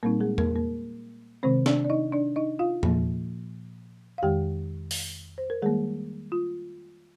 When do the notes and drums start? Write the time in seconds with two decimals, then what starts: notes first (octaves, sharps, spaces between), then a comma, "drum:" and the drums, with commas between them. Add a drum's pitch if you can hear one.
0.03 A#2 G3 A#3 C4 D#4 A#4
0.20 G#3 G#4
0.38 A#3 A#4, drum: tom E2
0.56 A#3 A#4
1.43 C3 D#3 G#3 C4 C5
1.66 D4 D5, drum: snare
1.85 D5
1.90 D#4 D#5
2.13 D4 D5
2.36 D#4 D#5
2.59 F4 F5
2.83 A#2 F3 A#3, drum: tom E2
4.18 F5
4.23 F2 D#3 G#3 G4 G5
4.91 drum: open hi-hat
5.38 C5
5.50 A#4
5.62 D#3 G3 G#3 A#3 G#4
6.32 F4